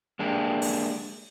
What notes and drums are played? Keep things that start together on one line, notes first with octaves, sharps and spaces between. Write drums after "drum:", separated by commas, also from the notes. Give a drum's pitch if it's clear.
G#3 A#3 D4 G4
drum: open hi-hat